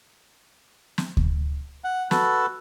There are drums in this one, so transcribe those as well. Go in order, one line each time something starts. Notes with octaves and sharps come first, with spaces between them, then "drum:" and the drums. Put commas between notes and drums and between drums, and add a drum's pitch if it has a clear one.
drum: snare
drum: kick D2
F#5
F#4 A4 B4 A5, drum: snare